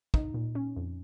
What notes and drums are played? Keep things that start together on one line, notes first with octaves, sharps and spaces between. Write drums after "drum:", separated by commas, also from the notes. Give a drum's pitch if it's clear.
D#4, drum: kick
A#2
C#4
F2